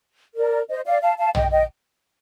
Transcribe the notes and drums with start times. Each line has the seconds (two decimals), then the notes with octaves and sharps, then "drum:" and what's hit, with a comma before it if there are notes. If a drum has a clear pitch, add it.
0.36 A#4 D5
0.69 C5 D#5
0.86 D5 F5
1.02 F5 A5
1.18 F5 A5
1.35 D#5 G5, drum: tom
1.51 D#5 G5